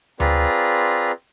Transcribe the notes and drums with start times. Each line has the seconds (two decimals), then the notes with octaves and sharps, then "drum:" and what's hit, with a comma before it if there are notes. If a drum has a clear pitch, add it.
0.20 C4 F4 G#4 B4 D5 A#5, drum: tom D2